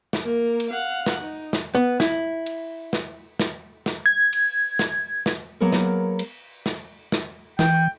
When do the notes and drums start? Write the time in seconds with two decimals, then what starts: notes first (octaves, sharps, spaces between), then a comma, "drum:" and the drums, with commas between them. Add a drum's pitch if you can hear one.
0.13 drum: snare
0.24 A#3 A#4
0.60 drum: cymbal
0.70 F5 F#5
1.06 drum: snare
1.22 D#4
1.53 drum: snare
1.75 B3
2.00 E4, drum: snare
2.46 drum: cymbal
2.93 drum: snare
3.39 drum: snare
3.86 drum: snare
4.06 G#6
4.33 drum: cymbal
4.79 drum: snare
5.26 drum: snare
5.60 F#3 A#3 B3 G#4 A#4
5.73 drum: snare
6.19 drum: cymbal
6.66 drum: snare
7.12 drum: snare
7.59 E3 G5, drum: snare